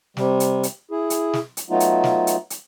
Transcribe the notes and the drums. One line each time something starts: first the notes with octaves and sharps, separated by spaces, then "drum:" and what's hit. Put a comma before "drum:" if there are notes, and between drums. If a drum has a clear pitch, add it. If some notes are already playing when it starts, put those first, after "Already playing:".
C3 G3, drum: snare
drum: hi-hat
drum: hi-hat
E4 G#4
drum: hi-hat
drum: snare
drum: hi-hat
F#3 A3 B3 D#4 F4
drum: hi-hat
drum: snare
drum: hi-hat
drum: hi-hat